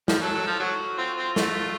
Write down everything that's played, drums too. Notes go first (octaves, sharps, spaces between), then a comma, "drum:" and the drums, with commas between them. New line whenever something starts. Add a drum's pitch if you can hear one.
F3, drum: snare
F#3 A4
F#3
F3
F#3 F#4
C4 F4
C4
A3, drum: snare